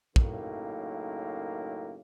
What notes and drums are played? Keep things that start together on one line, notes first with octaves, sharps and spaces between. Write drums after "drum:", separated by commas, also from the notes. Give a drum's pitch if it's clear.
F#2 A2 C#3 A#3 D#4, drum: kick